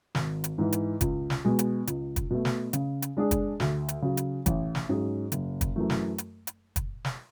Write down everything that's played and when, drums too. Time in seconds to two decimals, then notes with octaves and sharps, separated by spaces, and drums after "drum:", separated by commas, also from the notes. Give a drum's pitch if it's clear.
0.15 G#1, drum: snare
0.44 drum: hi-hat
0.58 G#2 E3
0.73 drum: hi-hat
1.01 C#2, drum: kick, hi-hat
1.30 drum: snare
1.45 B2 G#3
1.59 drum: hi-hat
1.87 C#2, drum: hi-hat
2.16 drum: kick, hi-hat
2.31 B2 A3
2.45 drum: snare
2.73 C#3, drum: hi-hat
3.02 drum: hi-hat
3.17 G#3 D4 G#4
3.31 drum: kick, hi-hat
3.60 D2, drum: snare
3.89 drum: hi-hat
4.02 C#3 F#3
4.17 drum: hi-hat
4.46 A1, drum: kick, hi-hat
4.75 drum: snare
4.89 G#2 F#3 C#4 G#4
5.32 F#1, drum: hi-hat
5.61 drum: kick, hi-hat
5.76 F#2 E3 A3
5.90 drum: snare
6.18 drum: hi-hat
6.47 drum: hi-hat
6.76 drum: kick, hi-hat
7.05 drum: snare